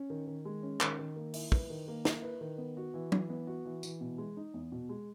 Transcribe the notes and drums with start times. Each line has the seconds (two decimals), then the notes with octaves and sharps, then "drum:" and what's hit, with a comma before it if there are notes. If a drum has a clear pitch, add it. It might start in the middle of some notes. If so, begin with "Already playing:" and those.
Already playing: C#4
0.10 D#3
0.27 D#3
0.45 G#3
0.63 C#4
0.81 D#3, drum: clap
0.99 D#3
1.16 A#3
1.34 E4, drum: open hi-hat
1.52 B4, drum: kick
1.70 D#3
1.88 A#3
2.05 E4, drum: snare
2.23 B4
2.41 D#3
2.58 B3
2.77 F#4
2.94 E3
3.12 E3, drum: tom F#3
3.30 B3
3.47 F#4
3.65 E3
3.83 E3, drum: tambourine
4.01 B2
4.18 G#3
4.37 D#4
4.54 E2
4.72 B2
4.89 G#3